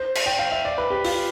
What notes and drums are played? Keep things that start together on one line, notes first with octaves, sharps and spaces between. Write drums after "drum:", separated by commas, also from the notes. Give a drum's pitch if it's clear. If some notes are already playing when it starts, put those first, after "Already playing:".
Already playing: C5
drum: cymbal
G5
F5
E5
D5
B4
G4
F4, drum: open hi-hat